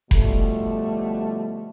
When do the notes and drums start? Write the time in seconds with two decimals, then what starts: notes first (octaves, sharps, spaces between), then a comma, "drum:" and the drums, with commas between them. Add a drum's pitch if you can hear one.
0.11 B2 D3 F3 G3 A3, drum: kick F1